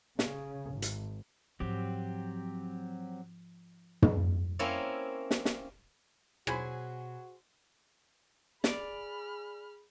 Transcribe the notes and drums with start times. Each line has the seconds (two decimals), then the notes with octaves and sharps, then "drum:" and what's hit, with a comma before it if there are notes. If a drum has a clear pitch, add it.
0.19 C#3, drum: snare
0.72 G#1
0.82 drum: hi-hat
1.60 G#2 F3 F#3 C4 G4
4.02 drum: tom
4.59 A#3 C4 C#4 E4 C#5
5.31 drum: snare
5.45 drum: snare
6.47 B2 F#3 F#4 G#4 C5 G#5 B5, drum: rim click
8.64 G#4 D5 B5 F6, drum: snare